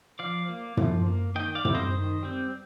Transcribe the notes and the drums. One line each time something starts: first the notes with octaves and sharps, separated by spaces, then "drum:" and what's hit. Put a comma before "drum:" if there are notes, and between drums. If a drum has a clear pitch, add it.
F3 D5 F5
A#3
F3, drum: tom
A#3
D#3 D#5 G5
D5 F5
G3 C4, drum: tom
C5 D#5
D#3
G3 C4